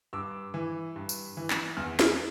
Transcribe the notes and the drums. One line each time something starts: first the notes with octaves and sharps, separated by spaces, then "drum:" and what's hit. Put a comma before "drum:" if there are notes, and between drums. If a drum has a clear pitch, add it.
G2 D6 E6
E3
G2
drum: tambourine
E3
drum: clap
E2 F6
F6, drum: snare